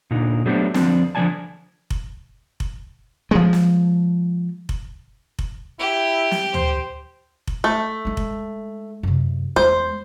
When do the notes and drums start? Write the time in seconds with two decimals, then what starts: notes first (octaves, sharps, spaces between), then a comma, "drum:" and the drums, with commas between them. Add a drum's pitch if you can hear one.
0.11 A#2 D3 D#4
0.46 F#3 A3 B3 D4 G4 C5
0.74 D3 F3 C4 D4, drum: snare
1.15 D3 F3 A#3 D5 G#5 A5
1.90 drum: kick F1
2.60 drum: kick F1
3.31 F3 G#3
3.53 drum: snare
4.69 drum: kick F1
5.39 drum: kick F1
5.79 E4 G4
6.31 drum: snare
6.54 C5, drum: tom
7.47 drum: kick F1
7.64 A3
8.05 G#3 D#4
8.17 drum: kick F1
9.03 F#2 C3
9.56 E2 G#3 C5